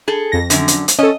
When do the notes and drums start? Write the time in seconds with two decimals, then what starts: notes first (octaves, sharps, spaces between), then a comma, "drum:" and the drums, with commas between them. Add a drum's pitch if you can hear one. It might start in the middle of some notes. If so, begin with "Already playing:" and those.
0.08 G#4 A4
0.32 F2 A#6
0.50 F#2 D3, drum: hi-hat
0.68 drum: hi-hat
0.88 drum: hi-hat
0.99 C#4 A4 D#5